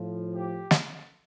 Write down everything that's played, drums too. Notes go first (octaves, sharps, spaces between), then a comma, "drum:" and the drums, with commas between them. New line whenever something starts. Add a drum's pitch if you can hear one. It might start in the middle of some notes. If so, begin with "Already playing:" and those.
Already playing: A2 F3
G4
drum: snare